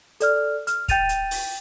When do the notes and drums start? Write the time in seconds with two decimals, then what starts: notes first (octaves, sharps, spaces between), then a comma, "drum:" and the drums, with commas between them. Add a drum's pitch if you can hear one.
0.20 A4 D5 F6, drum: hi-hat
0.67 F6, drum: hi-hat
0.88 G5 G6 A6 D#7 F7, drum: kick, hi-hat
1.09 drum: hi-hat
1.31 drum: open hi-hat